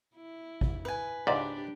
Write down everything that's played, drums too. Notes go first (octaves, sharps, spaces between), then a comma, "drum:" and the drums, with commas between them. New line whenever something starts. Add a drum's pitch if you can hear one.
E4
drum: kick A1
B4 G#5
C#2 G#2 D4 G4 D5